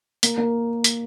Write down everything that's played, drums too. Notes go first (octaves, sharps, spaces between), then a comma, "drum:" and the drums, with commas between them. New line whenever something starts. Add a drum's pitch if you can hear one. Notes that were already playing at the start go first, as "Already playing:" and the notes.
A#3, drum: hi-hat
A#3
drum: hi-hat